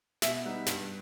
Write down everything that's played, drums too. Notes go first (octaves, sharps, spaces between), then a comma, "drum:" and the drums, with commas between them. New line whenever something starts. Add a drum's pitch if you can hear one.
B2 E5, drum: snare
G3 B3 D#4
G2, drum: snare